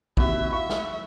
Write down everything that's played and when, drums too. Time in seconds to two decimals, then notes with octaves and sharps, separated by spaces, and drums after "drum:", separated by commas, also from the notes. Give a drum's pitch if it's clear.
0.17 D#2 C3 E4 F#4 B4 E5, drum: kick
0.53 E5 F5 C#6
0.69 drum: snare